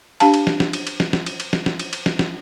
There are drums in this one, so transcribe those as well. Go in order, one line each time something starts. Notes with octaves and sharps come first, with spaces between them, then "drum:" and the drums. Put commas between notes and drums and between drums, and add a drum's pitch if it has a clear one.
D4 G4 F5 A5, drum: cymbal
drum: cymbal
drum: snare
drum: snare
drum: cymbal
drum: cymbal
drum: snare
drum: snare
drum: cymbal
drum: cymbal
drum: snare
drum: snare
drum: cymbal
drum: cymbal
drum: snare
drum: snare